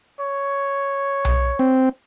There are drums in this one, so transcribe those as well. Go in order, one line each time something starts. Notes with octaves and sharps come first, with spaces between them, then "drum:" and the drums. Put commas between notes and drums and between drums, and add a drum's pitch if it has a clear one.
C#5
drum: tom B1
C4